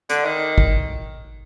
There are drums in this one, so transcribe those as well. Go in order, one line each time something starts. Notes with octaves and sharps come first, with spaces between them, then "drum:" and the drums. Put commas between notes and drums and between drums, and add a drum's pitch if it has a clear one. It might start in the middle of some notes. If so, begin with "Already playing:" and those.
D3, drum: hi-hat
D#3
drum: kick G#1